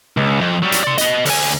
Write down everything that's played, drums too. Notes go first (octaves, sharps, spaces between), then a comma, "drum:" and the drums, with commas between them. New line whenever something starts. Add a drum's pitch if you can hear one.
C#2
F2
F#3 G3
drum: hi-hat
D5 C6
B3 D#5, drum: hi-hat
D2 G#5, drum: open hi-hat